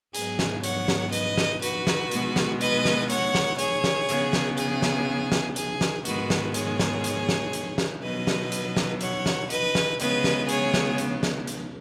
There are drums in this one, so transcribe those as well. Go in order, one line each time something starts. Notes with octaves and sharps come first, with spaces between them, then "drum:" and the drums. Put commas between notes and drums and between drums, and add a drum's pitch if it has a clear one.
G#2 F#3 B3 G#4, drum: hi-hat
drum: snare
C#5 F#5, drum: hi-hat
drum: snare
B4 D#5, drum: hi-hat
drum: snare
F#4 B4, drum: hi-hat
drum: snare
B2 G#3 B3, drum: hi-hat
drum: snare
B4 D#5, drum: hi-hat
drum: snare
C#5 F#5, drum: hi-hat
drum: snare
G#4 C#5, drum: hi-hat
drum: snare
C#3 B3, drum: hi-hat
drum: snare
G#4, drum: hi-hat
drum: snare
drum: snare
G#4, drum: hi-hat
drum: snare
G#2 D#3 G#3 B3 F#4 B4, drum: hi-hat
drum: snare
G#4 C#5, drum: hi-hat
drum: snare
drum: hi-hat
drum: snare
drum: hi-hat
drum: snare
B2 F#3 B3 B4 D#5
drum: snare
drum: hi-hat
drum: snare
C#5 F#5, drum: hi-hat
drum: snare
B4 D#5, drum: hi-hat
drum: snare
C#3 G#3 B3 B4 D#5, drum: hi-hat
drum: snare
G#4 C#5, drum: hi-hat
drum: snare
drum: hi-hat
drum: snare
drum: hi-hat